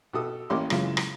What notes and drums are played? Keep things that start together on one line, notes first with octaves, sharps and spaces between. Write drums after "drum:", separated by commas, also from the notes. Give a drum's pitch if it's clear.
B2 G4 A4 D#6
A1 A#3 C#4 G4 C6 D6
F#2 A#2 C#3 E3 G#3, drum: rim click
drum: rim click